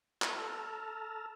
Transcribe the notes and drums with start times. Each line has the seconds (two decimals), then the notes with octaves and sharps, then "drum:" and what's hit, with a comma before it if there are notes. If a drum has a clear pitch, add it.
0.22 A4 A5 A#5 E6 F6, drum: clap